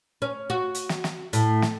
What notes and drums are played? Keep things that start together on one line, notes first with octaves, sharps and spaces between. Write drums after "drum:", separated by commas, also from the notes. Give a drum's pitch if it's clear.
C#4
F#4
drum: hi-hat
drum: snare
drum: snare
A2, drum: hi-hat
drum: snare